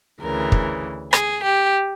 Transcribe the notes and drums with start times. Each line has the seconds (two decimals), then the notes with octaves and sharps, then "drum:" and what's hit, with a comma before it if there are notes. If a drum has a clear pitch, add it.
0.21 D2 C#3 E3 A#4
0.52 drum: kick
1.13 G#4, drum: rim click
1.43 G4